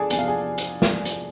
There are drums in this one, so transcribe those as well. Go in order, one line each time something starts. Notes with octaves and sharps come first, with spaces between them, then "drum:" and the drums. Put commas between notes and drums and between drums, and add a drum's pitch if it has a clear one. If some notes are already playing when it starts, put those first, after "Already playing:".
Already playing: F3 B3 D4 G#4 A4 D5 G#5 A5
E2 C3 F3 G#5, drum: hi-hat
F5
G#4 G#5
drum: hi-hat
E2 C3 F3, drum: snare
drum: hi-hat